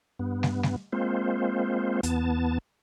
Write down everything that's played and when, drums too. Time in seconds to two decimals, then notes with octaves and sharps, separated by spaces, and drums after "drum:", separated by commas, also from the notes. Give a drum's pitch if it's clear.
0.19 G2 B3
0.43 drum: snare
0.63 drum: snare
0.93 G#3 A#3 C4 F4 C5
2.03 E2 B3 A5, drum: hi-hat